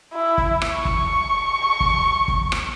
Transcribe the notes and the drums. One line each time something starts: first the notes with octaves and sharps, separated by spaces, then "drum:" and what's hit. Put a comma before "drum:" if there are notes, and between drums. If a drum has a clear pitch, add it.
E4
drum: kick
drum: rim click
C#6
drum: kick
drum: kick
drum: kick
drum: rim click